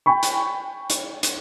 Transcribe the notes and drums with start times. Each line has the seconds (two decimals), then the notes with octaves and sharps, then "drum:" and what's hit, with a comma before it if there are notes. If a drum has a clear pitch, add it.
0.06 G5 G#5 B5 C#6
0.23 drum: hi-hat
0.90 drum: hi-hat
1.23 drum: hi-hat